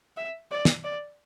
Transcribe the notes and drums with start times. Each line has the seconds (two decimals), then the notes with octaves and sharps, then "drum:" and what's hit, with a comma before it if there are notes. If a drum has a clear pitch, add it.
0.17 E5
0.51 D5
0.65 drum: snare
0.84 D5